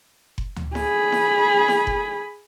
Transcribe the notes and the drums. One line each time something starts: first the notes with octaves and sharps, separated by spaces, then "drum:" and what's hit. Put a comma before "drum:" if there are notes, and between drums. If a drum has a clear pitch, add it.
drum: kick F#1
drum: tom D2
G#4 B5, drum: snare E4
drum: snare E4
drum: snare E4
drum: kick F#1